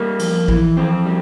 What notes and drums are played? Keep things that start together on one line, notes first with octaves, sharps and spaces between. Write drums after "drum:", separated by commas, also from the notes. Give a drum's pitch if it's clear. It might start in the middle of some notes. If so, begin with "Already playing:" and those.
Already playing: G3 A#3
F2, drum: cymbal
E3, drum: kick
F2 C4
G3